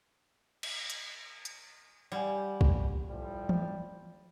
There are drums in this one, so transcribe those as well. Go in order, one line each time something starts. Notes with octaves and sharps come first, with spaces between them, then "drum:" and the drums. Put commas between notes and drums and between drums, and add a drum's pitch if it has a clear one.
drum: cymbal
drum: hi-hat
drum: hi-hat
G3 D5 F#5 G#5
drum: kick
A2 F3 G3
drum: tom E3